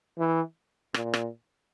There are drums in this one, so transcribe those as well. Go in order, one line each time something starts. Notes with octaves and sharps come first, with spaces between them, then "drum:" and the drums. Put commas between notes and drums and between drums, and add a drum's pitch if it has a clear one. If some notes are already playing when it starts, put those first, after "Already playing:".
E3
A#2, drum: rim click
drum: rim click